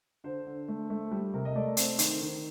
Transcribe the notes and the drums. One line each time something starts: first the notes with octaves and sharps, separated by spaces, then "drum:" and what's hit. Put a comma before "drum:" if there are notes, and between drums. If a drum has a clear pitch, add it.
D3 C5
D3
A3
A3
G3
C3 A#4
D#5
A3 D5
C4, drum: hi-hat
D#3 C5, drum: hi-hat
D#3